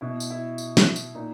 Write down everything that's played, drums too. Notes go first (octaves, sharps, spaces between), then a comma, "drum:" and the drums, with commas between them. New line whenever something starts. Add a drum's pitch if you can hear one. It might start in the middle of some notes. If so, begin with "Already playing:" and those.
B2 E4
drum: tambourine
E4
drum: tambourine
drum: snare
drum: tambourine
A#2 D#4